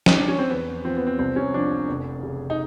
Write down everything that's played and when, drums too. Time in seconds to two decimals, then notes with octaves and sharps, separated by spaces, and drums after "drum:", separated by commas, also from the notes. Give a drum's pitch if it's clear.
0.06 D#4, drum: snare
0.17 D4
0.28 C#4
0.38 C4
0.50 E2 B3
0.84 F3 C4
0.96 B3
1.07 C4
1.19 C2 C4
1.36 C#4
1.54 F3 D4
1.89 F1
2.23 C#3
2.50 D#4